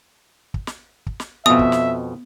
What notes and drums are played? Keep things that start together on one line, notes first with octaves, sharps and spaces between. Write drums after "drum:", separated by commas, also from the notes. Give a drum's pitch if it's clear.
drum: kick
drum: snare
drum: kick
drum: snare
F2 B2 B3 E5 F5 D#6
drum: kick
drum: snare